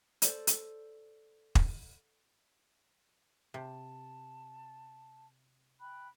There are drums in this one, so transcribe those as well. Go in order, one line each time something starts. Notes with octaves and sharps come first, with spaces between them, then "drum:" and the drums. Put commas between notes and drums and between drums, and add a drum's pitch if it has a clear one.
A4 C5 D5, drum: hi-hat
drum: hi-hat
drum: kick
C3 A5
G5 B5 F#6